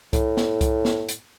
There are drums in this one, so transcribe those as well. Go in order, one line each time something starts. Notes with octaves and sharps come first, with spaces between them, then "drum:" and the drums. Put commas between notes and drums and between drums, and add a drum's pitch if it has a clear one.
A2, drum: kick C2, hi-hat
drum: snare
drum: kick C2, hi-hat
drum: snare
drum: hi-hat